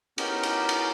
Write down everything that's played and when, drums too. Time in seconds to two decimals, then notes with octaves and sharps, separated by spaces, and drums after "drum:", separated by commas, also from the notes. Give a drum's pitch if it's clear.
0.18 B3 C#4 D#4 G4 A#4, drum: cymbal
0.43 drum: cymbal
0.69 drum: cymbal